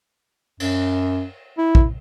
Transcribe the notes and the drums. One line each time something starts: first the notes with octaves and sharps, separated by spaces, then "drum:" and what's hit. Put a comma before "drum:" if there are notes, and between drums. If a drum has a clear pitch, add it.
F#2, drum: cymbal
E4
drum: kick